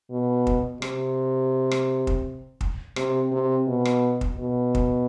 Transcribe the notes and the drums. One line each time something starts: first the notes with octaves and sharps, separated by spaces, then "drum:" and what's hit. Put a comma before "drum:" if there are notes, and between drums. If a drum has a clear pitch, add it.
B2
drum: kick
C3, drum: rim click
drum: rim click
drum: kick
drum: kick
C3, drum: rim click
C3
B2
drum: rim click
drum: kick
B2
drum: kick